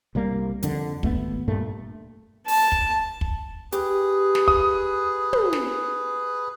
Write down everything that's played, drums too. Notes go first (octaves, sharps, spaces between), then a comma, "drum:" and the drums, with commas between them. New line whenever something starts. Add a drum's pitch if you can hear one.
C2 G3 A#3
F2 D3, drum: hi-hat
G#1 A3 B3, drum: kick
G2 A#2 A3
A5, drum: open hi-hat
drum: kick
drum: kick
G4 G#4 B4, drum: hi-hat
drum: snare
D#6, drum: kick
drum: tom
drum: snare